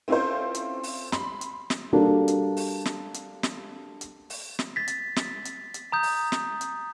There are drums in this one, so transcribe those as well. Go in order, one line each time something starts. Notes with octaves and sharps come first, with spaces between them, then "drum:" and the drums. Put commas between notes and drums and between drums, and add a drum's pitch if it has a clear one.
C4 C#4 E4 F4 A4 C5
drum: hi-hat
drum: open hi-hat
B5 C6, drum: snare
drum: hi-hat
drum: snare
G3 A#3 D4 F#4 A4
drum: hi-hat
drum: open hi-hat
drum: snare
drum: hi-hat
drum: snare
drum: hi-hat
drum: open hi-hat
drum: snare
A6 B6
drum: hi-hat
drum: snare
drum: hi-hat
drum: hi-hat
A#5 D#6 G6
drum: open hi-hat
drum: snare
drum: hi-hat